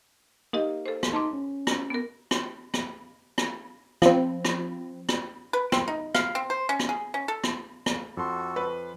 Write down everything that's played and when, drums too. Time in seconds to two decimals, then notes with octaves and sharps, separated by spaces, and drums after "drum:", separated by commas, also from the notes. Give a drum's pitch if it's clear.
0.53 A#3 D#4 G4 D#5
0.86 A4 C5
1.03 drum: rim click
1.13 D#4 A5 C6 D6
1.33 C#4
1.67 drum: rim click
1.90 B3 A#4
2.31 drum: rim click
2.74 drum: rim click
3.38 drum: rim click
4.02 F3 C4, drum: rim click
4.45 drum: rim click
5.09 drum: rim click
5.53 B4
5.72 C4, drum: rim click
5.88 D#4
6.15 F5, drum: rim click
6.35 C4
6.50 C5
6.69 C#4
6.80 drum: rim click
6.89 G#4
7.14 C#4
7.28 A4
7.44 drum: rim click
7.86 drum: rim click
8.17 F2 F#4 A4 C6
8.56 B4